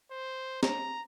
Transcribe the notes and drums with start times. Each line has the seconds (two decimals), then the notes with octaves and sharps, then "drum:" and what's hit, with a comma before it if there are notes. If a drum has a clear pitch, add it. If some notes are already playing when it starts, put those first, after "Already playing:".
0.11 C5
0.63 A#5, drum: snare